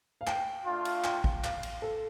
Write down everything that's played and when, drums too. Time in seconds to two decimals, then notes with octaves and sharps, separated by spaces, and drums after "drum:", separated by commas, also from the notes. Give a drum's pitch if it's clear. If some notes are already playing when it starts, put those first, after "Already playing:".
0.21 F5
0.27 G5, drum: clap
0.65 A3 D4 F4
0.85 drum: cymbal
1.04 G5, drum: clap
1.24 drum: kick
1.44 F5, drum: clap
1.63 drum: cymbal
1.82 A4